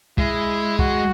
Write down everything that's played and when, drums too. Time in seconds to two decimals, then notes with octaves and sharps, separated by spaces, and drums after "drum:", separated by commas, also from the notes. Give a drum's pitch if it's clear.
0.18 G#3 E4, drum: kick
0.79 F#4, drum: kick